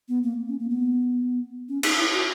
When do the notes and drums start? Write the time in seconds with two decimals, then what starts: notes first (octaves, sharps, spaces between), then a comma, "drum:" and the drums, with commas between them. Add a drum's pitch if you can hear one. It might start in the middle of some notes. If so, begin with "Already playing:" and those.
0.08 B3
0.23 A#3
0.48 C#4
0.59 A#3
0.70 B3
1.69 C#4
1.83 D#4, drum: cymbal
1.98 E4
2.13 F#4